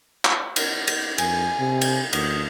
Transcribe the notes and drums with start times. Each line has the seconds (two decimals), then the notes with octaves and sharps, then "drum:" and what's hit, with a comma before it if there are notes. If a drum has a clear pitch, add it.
0.25 drum: clap
0.56 drum: cymbal
0.87 drum: cymbal
1.18 F2 G#5, drum: cymbal
1.59 C3
1.81 drum: cymbal
2.13 D2 D#6, drum: cymbal